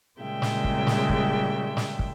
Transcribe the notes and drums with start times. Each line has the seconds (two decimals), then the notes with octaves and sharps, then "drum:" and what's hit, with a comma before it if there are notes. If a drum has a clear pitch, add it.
0.19 A#2 C#3 G3 G#3 E5 G5
0.42 drum: snare
0.64 drum: kick
0.87 drum: snare
1.09 drum: kick
1.77 drum: snare
1.99 drum: kick